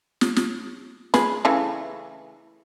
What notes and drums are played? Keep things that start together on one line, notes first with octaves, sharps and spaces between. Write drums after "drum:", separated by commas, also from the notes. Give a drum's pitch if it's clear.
drum: snare
drum: snare
G#4 B4, drum: snare
C#3 E3 A3